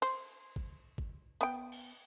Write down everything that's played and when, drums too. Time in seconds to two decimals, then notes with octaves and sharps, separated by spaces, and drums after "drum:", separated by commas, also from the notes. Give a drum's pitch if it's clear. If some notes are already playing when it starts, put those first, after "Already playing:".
0.02 C5, drum: cymbal
0.56 drum: kick
0.98 drum: kick
1.41 B3 G5
1.72 drum: cymbal